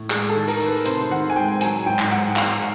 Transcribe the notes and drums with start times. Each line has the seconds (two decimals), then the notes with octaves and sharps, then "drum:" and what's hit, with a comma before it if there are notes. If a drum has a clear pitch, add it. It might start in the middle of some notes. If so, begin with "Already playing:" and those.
Already playing: A2
0.10 G#3 G#4, drum: clap
0.29 A4
0.35 D#3
0.48 A#4, drum: open hi-hat
0.60 D#3
0.66 B4
0.86 C3 C5, drum: hi-hat
1.11 D#3 F#5
1.30 G#5
1.36 G#3 G5
1.61 F#3 G#5, drum: hi-hat
1.86 G#2 G5
1.99 drum: clap
2.11 G#2 F#5
2.36 G#2 F5, drum: clap